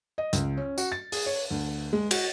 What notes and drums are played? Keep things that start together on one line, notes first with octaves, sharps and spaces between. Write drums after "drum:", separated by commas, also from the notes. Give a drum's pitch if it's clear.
D#5
C#2, drum: hi-hat
C#4
F#4, drum: tambourine
A6
G#4, drum: open hi-hat
C#5
D2
G#3
F#4, drum: cymbal